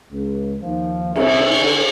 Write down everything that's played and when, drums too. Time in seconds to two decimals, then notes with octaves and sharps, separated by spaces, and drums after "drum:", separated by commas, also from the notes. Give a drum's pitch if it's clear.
0.12 C#2
0.62 D#2 F3
1.16 C2 E5, drum: cymbal
1.60 D3